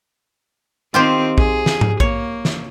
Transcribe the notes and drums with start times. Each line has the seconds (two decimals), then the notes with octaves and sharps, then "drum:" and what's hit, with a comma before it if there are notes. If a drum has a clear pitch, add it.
0.94 D#3 C4 F4 G4 C5
1.38 G#4, drum: kick A#1
1.66 drum: snare
1.81 drum: tom G#2
2.00 A#3 C#5, drum: kick A#1
2.45 drum: snare